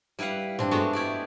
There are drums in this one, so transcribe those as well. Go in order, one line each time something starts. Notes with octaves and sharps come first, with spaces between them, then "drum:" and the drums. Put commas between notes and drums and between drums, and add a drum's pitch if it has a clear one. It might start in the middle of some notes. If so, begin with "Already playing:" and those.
G3 E4 B4 F5 F#5
C4 D4, drum: tom G2
G#3 A3 B3 F#4
E4 G4 D5